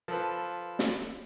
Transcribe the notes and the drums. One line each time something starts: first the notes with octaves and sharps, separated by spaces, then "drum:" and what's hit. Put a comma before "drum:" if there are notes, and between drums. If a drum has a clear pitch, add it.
F3 A4 B4
drum: snare